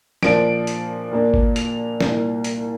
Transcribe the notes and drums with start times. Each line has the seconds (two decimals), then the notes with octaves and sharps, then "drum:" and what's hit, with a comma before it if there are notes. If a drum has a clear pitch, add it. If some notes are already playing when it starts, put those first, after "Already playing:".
0.23 A#2 F3 D4 D7, drum: snare
0.67 drum: hi-hat
1.11 A#2 A#3 D4
1.34 drum: kick G1
1.56 F7, drum: hi-hat
2.01 C2 A#2 A#3 D4, drum: snare
2.44 drum: hi-hat